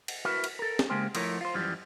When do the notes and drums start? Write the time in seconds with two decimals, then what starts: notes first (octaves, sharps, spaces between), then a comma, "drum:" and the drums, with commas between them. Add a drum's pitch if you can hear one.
0.08 drum: cymbal
0.25 E4 F#4 A#4 B4 E5
0.44 drum: cymbal
0.59 A4 A#4
0.79 drum: snare
0.90 C#3 G#3 A#3 G4 C5
1.15 F3 A3 E4 A#4 C#5, drum: cymbal
1.41 F4 C5
1.54 F#2 E3 F3 G3